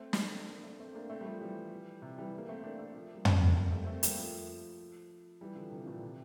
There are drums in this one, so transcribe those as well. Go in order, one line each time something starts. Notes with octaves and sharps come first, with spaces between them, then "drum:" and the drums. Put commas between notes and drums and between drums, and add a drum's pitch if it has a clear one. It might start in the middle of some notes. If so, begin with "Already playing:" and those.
Already playing: A3 C4
drum: snare
A#3 D4
A3 C4
A3 C4
A#3 D4
A3 C4
G3
F3 A3
E3 G3
C3
E3 G3
A#3
A3 C4
A#3 D4
A3 C4
F3 A3
G3 A#3
A3 C4, drum: tom
G3 A#3
G3 A#3
A3 C4
A3 C4
G3 A#3, drum: hi-hat
F3 A3
E3 G3
D3 F3
C3 E3
A#2 D3
C3